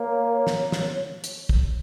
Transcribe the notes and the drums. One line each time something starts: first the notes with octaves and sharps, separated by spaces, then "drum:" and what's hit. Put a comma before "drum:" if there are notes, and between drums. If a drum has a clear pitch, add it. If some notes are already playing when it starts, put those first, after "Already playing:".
Already playing: A#3 C#5
drum: snare
drum: snare
C#5
drum: hi-hat
drum: kick